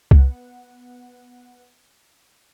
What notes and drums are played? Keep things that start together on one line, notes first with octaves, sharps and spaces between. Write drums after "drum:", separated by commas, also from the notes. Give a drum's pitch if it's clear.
B3 F#5, drum: kick C2